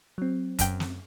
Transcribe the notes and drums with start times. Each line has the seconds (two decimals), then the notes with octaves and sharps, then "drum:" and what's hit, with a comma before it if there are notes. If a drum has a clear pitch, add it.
0.18 F#3 C4
0.59 F#2 G5, drum: kick, hi-hat
0.80 drum: snare